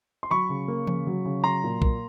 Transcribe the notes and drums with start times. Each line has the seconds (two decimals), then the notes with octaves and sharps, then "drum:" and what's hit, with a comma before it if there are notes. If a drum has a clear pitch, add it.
0.23 C6
0.31 F#3 B5 C#6
0.49 C#3
0.68 A#3
0.87 C#3, drum: tom E3
1.07 F#3
1.25 C#3
1.44 F#3 A#5 C6
1.64 A#2
1.82 A#3, drum: kick B1